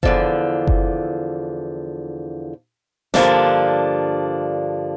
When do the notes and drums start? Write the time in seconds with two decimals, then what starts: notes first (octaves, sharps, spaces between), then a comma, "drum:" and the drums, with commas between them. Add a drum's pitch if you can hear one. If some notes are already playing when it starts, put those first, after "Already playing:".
0.03 E2 D3 F3, drum: kick F#1
0.67 drum: kick F#1
3.14 G2 D3 F3 A#3 D4, drum: snare